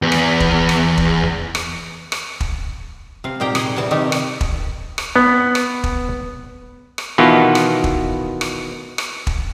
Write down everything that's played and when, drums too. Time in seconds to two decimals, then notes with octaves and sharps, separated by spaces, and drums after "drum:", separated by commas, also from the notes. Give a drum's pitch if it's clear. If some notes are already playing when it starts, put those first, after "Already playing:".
0.02 E2 B3
0.12 drum: rim click
0.40 drum: kick E1
0.69 drum: rim click
0.98 drum: kick E1
1.55 drum: rim click
2.12 drum: rim click
2.40 drum: kick E1
3.24 C3 F5
3.40 A#2 D#4 G4 G5 A#5
3.55 G#4 D#5, drum: rim click
3.76 C3 E3 G3 A5
3.91 D#3 A3 D#4 G4 A4
4.12 drum: rim click
4.41 drum: kick E1
4.98 drum: rim click
5.16 B3
5.55 drum: rim click
5.84 drum: kick E1
6.98 drum: rim click
7.18 B2 D#3 E3 B3 F4
7.55 drum: rim click
7.84 drum: kick E1
8.41 drum: rim click
8.98 drum: rim click
9.27 drum: kick E1